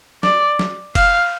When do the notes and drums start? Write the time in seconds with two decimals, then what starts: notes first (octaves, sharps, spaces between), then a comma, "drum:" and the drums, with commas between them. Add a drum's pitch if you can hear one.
0.23 D5, drum: snare
0.59 drum: snare
0.95 F5, drum: kick F1, cymbal